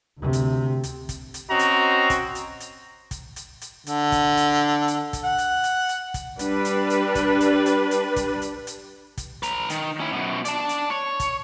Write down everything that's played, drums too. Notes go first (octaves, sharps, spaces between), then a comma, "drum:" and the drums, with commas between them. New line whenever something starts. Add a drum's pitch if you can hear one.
D2 C3
drum: hi-hat
drum: hi-hat
drum: kick, hi-hat
drum: hi-hat
C4 C#4 F#4 D#5 A#5
drum: hi-hat
drum: kick, hi-hat
drum: hi-hat
drum: hi-hat
drum: kick, hi-hat
drum: hi-hat
drum: hi-hat
D3, drum: hi-hat
drum: kick, hi-hat
drum: hi-hat
drum: hi-hat
drum: kick, hi-hat
F#5
drum: hi-hat
drum: hi-hat
drum: hi-hat
drum: kick, hi-hat
G3 D4 B4, drum: hi-hat
drum: hi-hat
drum: hi-hat
drum: kick, hi-hat
drum: hi-hat
drum: hi-hat
drum: hi-hat
drum: kick, hi-hat
drum: hi-hat
drum: hi-hat
drum: kick, hi-hat
B4 A#5, drum: hi-hat
D#3, drum: hi-hat
C#4 E4
F#2 B2
D5 A5, drum: hi-hat
drum: hi-hat
C#5
drum: kick, hi-hat